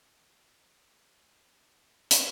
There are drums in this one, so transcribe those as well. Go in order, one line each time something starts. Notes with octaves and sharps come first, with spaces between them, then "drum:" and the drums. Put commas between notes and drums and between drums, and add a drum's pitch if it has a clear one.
C3 E3 B5
D4 D#4 D5 F6 A6
drum: hi-hat